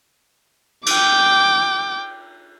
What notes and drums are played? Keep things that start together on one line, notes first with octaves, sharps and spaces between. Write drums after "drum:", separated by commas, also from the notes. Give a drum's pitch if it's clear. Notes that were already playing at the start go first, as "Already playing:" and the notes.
G5 D6, drum: cymbal